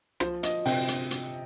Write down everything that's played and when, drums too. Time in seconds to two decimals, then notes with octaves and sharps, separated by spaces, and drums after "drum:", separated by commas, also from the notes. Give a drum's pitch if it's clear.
0.20 F3 C5, drum: rim click
0.43 D#5, drum: hi-hat
0.66 C3 G5, drum: open hi-hat
0.88 drum: hi-hat
1.11 drum: hi-hat